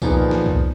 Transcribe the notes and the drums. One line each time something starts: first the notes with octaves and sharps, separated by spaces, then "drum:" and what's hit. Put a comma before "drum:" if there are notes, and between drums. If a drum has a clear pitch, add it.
A#2 F3 B3 D#4 G#4, drum: kick C2, tambourine
drum: snare
drum: kick C2